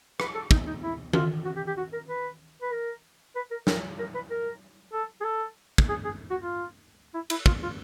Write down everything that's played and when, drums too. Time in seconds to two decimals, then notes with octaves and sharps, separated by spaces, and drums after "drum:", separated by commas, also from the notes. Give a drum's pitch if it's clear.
0.20 B4, drum: rim click
0.35 A4
0.51 D#4, drum: kick
0.67 D#4
0.83 E4
1.13 F4, drum: tom D#3
1.45 F#4
1.56 G4
1.67 G4
1.77 F#4
1.93 A#4
2.09 B4
2.62 B4
2.71 A#4
3.35 B4
3.51 A#4
3.67 A#4, drum: snare
3.99 A#4
4.14 B4
4.30 A#4
4.93 A4
5.21 G#4
5.24 A4
5.78 drum: kick
5.89 G#4
6.05 G#4
6.30 F#4
6.41 F4
7.14 E4
7.30 E4, drum: cymbal
7.46 F4, drum: kick
7.63 F4